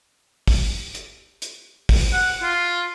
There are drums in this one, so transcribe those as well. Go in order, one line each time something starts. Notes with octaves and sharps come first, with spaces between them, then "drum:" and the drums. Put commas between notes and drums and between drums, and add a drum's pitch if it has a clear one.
drum: kick, open hi-hat
drum: hi-hat
drum: hi-hat
drum: kick, open hi-hat
F#5
F4